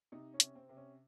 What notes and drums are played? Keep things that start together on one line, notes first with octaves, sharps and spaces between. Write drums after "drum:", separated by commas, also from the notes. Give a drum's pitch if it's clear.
C3 D#4
C#4
C3, drum: hi-hat
C4
C3
C#4